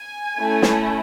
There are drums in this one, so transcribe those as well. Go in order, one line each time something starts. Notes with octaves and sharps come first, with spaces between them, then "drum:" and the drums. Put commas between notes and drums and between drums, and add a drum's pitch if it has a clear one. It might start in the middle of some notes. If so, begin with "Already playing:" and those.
Already playing: G#5
A3 C#4 E4
drum: snare